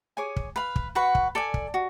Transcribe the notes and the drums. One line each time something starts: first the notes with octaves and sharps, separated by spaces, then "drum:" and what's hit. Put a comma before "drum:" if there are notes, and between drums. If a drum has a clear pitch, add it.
G#4 C#5 G#5 D6
drum: kick
B4 F5 B5
drum: kick
F#4 B4 F#5 C#6
drum: kick
A4 D5 G#5
drum: kick
F#4